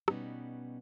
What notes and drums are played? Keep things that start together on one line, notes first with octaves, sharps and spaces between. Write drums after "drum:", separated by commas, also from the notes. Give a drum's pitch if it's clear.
B2 G3 B3 C#4 D#4, drum: rim click